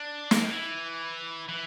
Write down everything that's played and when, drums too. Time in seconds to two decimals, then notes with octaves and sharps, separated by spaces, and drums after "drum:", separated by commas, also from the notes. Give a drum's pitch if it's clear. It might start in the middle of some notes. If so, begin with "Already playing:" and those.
Already playing: D4
0.31 A#3, drum: snare
0.45 D#3
0.50 E3
1.48 E3